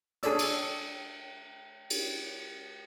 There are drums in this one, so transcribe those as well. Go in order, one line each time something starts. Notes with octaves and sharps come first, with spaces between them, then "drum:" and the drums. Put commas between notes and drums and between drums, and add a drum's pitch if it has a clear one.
D4 G#4 A4 C#5 D5 E6, drum: hi-hat
drum: cymbal
drum: cymbal